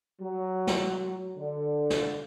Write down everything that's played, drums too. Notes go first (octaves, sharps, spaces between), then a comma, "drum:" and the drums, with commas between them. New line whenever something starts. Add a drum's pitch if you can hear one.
F#3
drum: snare
D3
drum: snare